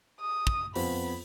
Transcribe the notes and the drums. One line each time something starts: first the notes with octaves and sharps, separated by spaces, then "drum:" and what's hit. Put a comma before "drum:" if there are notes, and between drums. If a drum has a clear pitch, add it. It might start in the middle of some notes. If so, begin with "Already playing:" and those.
D#6
drum: kick
F2 B3 F4 B5, drum: open hi-hat